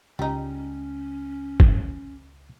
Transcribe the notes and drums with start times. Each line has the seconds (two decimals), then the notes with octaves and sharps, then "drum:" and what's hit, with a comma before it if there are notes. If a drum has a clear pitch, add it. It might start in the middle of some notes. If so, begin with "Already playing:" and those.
0.19 C#2 G3 C#4 D#4
1.60 drum: kick